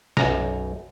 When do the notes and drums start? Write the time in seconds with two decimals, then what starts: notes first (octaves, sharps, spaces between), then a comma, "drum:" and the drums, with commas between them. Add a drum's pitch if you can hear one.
0.17 B1 F#2 A#5, drum: snare